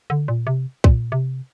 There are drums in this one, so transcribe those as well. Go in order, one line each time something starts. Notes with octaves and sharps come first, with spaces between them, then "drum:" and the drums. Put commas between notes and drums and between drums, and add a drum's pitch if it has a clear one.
D3
A#2
C3
A#2, drum: kick B1
C3